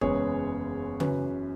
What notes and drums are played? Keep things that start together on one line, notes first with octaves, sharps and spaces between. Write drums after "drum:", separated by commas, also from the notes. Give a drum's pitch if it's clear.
F#1 E2 C#3 G#3 B3 G#4 C#5, drum: kick
F#2 E3 C#4 B4, drum: tom C#3